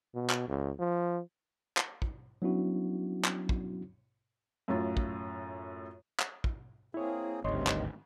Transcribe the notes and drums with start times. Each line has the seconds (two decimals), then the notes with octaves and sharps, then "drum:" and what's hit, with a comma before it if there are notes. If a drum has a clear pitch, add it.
0.15 B2
0.30 drum: clap
0.48 C#2
0.79 F3
1.77 drum: clap
2.02 drum: kick
2.42 F#3 B3 C#4 D4 E4 F#4
3.25 drum: clap
3.49 drum: kick
4.68 F#2 A2 F4
4.97 drum: kick
6.20 drum: clap
6.44 drum: kick
6.94 A#3 C4 E4 G#4 C#5
7.44 G#1 D2 G2 C3 D#3 C#5 D#5 C6
7.67 drum: clap